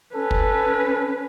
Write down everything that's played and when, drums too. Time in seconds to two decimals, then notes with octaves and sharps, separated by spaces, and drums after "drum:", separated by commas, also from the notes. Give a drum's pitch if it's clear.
0.15 C#4 A4 B4
0.31 drum: kick